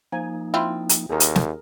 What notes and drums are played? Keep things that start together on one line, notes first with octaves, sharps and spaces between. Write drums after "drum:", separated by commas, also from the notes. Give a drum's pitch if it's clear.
F3 A#3 D#4 G#5
C4 E4 F4
drum: hi-hat
D#2 G#4 A#4
drum: hi-hat
drum: snare